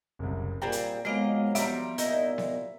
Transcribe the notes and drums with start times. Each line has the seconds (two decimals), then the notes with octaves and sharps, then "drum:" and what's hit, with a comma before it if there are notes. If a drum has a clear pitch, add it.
0.19 F#1 C2
0.62 A#2 G3 C4 G#4 G5 A#5
0.72 drum: hi-hat
1.05 F2 G#2 F#3 G#3 A#3 B3 D#5 F5
1.55 F3 G3 B3 E5 A#5, drum: hi-hat
1.98 C2 A#2 D#4 E4 D#5, drum: hi-hat
2.38 drum: snare B3